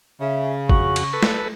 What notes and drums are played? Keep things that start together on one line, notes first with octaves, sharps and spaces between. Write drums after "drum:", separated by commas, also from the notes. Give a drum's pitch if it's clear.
C#3 E5
F2 F#4 C#6, drum: kick
drum: cymbal
A4 B4
drum: snare